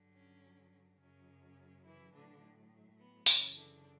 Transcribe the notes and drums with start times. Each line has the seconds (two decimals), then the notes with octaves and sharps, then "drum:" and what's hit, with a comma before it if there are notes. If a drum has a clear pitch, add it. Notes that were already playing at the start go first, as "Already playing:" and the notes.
Already playing: G2 D3 F#3
0.14 C#4
0.99 F#2 C#3 F#3 C#4
1.84 E3 E4
2.12 A2 D3 F#3 D4
2.98 B3
3.26 F#2 C#3 E3 C#4, drum: open hi-hat
3.55 D3 D4